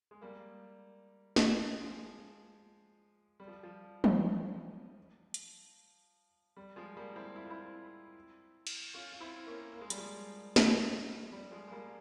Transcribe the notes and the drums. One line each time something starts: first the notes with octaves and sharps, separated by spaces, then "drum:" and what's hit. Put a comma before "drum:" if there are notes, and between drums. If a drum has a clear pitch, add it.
G#3
G3 A#3
drum: snare
F3 G#3
G3
F3
F3
drum: tom
drum: hi-hat
G3
F3 G#3
G3 A#3
C4 E4
E4
F4
C4 E4
drum: cymbal
C#4 F4
F4
C4 E4
A#3 C#4
A#3
G#3
G3, drum: hi-hat
F3 G#3
drum: snare
F3
G3
F3 G#3
G#3
G3 A#3